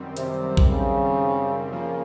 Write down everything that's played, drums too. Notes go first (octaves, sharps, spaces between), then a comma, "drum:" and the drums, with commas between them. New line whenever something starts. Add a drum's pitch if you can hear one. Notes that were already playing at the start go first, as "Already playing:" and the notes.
Already playing: F#2 D#3 G3 C4
C3, drum: hi-hat
drum: kick A#1
C#3
C#3 F3 A#3